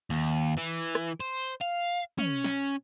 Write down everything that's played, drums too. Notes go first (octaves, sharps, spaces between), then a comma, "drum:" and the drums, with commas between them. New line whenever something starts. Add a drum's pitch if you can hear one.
D#2
E3
drum: rim click
C5
F5
C#4, drum: tom
drum: snare